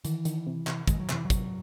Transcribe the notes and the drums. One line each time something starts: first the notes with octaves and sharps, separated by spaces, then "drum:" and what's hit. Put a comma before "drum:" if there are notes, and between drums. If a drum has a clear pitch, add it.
D#3 E3, drum: hi-hat
D#3, drum: hi-hat
C3
C3, drum: clap
D#3 G#3, drum: kick, hi-hat
F#3
C3 E3, drum: clap
F#3
C3, drum: kick, hi-hat